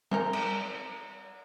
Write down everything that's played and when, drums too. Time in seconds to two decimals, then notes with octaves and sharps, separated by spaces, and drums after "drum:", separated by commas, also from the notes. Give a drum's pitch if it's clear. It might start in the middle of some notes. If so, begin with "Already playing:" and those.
0.11 C4 D#4 A#4, drum: tom G3
0.33 drum: cymbal